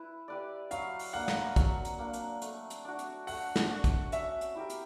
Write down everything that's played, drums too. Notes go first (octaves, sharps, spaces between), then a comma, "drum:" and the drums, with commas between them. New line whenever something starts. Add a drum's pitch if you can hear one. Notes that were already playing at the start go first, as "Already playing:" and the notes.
Already playing: E4 B4
G4 B4 D5
F#3 F5, drum: hi-hat
drum: open hi-hat
A#3 D4 F#5
drum: snare
F#3, drum: kick, hi-hat
drum: hi-hat
A#3 D4
drum: hi-hat
A3, drum: hi-hat
drum: hi-hat
D4 F#4
drum: hi-hat
A3 F#5, drum: open hi-hat
drum: snare
D4 F#4
drum: kick, hi-hat
C#4 E5, drum: hi-hat
drum: hi-hat
E4 G4 A#4
drum: hi-hat